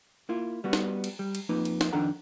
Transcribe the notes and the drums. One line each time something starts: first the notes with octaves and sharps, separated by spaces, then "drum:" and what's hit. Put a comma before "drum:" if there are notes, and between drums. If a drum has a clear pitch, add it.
A#3 E4 F4
G3 B3 F#4
drum: snare
drum: cymbal
G3
drum: cymbal
F2 A#3 D#4 B4
drum: cymbal
drum: snare
F2 D#3 D4 A4 F#5 A#5